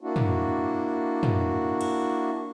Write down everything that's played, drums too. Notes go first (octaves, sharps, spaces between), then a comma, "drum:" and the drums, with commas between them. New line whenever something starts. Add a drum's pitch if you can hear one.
A#3 D4 E4 F#4
drum: tom
drum: tom
drum: cymbal